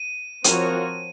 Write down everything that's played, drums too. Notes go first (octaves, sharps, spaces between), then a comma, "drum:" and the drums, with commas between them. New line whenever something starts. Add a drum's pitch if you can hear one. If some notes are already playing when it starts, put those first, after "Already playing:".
Already playing: D#7
F3 C4 F#4 A#4 C#5 D#7, drum: hi-hat